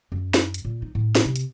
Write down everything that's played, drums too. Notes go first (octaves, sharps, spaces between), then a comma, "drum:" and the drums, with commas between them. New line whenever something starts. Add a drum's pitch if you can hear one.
F#2
drum: snare
drum: hi-hat
A#2
D#4
A2
drum: snare
C3
drum: hi-hat